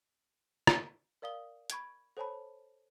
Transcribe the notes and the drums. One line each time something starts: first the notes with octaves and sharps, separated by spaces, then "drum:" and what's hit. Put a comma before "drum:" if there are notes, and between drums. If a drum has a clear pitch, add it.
drum: rim click
A#4 D5 F5 D#6 G7
B5 C#6 G#6 D7, drum: hi-hat
A4 C5 C#5 G#5 A5 B5